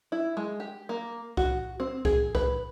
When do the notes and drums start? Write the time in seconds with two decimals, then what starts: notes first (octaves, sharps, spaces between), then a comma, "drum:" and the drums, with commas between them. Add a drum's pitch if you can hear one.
0.12 E4
0.37 G#3
0.60 G4
0.89 A#3
1.37 F#4, drum: kick C2
1.80 C4
2.05 G#4, drum: kick C2
2.35 B4, drum: kick C2